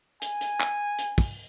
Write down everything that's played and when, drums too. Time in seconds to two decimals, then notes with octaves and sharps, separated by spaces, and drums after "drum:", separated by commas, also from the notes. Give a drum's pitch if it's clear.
0.22 G#5, drum: hi-hat
0.41 drum: hi-hat
0.60 drum: clap
0.99 drum: hi-hat
1.18 drum: kick, open hi-hat